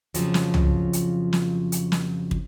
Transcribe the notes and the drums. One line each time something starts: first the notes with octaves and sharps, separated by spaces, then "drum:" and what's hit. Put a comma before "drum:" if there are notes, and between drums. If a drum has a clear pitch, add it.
F2 C#3 F3 F#3, drum: hi-hat
drum: snare
drum: tom C2
drum: hi-hat
drum: snare
drum: hi-hat
drum: snare
drum: kick